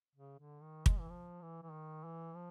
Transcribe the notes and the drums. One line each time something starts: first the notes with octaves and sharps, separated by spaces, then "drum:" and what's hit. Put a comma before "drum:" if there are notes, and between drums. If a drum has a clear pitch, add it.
C#3
D3
D#3
G#3, drum: kick
E3
F3
E3
E3
D#3
E3
F3